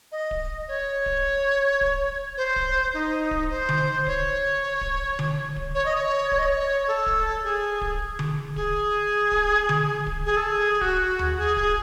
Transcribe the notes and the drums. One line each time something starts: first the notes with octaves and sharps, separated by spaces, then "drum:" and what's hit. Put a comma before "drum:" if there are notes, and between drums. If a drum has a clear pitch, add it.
D#5
drum: kick D1
C#5
drum: kick D1
drum: kick D1
C5
drum: kick D1
D#4
drum: kick D1
C5
drum: tom D3
C#5, drum: kick D1
drum: kick D1
drum: tom D3
drum: kick D1
C#5
D#5
C#5
C#5, drum: kick D1
D#5
C#5
A4
drum: kick D1
G#4
drum: kick D1
drum: tom D3
G#4, drum: kick D1
drum: kick D1
drum: tom D3
drum: kick D1
G#4
A4
G#4
F#4, drum: kick D1
drum: tom D#2
G#4
G#4, drum: kick D1